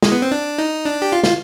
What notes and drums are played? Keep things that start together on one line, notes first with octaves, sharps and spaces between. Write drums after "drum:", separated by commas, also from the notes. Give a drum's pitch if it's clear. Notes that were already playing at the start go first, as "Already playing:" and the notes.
G#3, drum: snare
B3
C4
D4
D#4
D4
G4
F4
F4, drum: snare